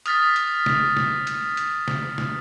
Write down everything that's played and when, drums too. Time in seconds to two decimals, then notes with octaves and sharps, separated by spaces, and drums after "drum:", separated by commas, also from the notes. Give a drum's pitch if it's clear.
0.06 D#6 F6 A6 B6, drum: hi-hat
0.36 drum: hi-hat
0.66 drum: snare
0.97 drum: snare
1.27 drum: hi-hat
1.57 drum: hi-hat
1.88 drum: snare
2.18 drum: snare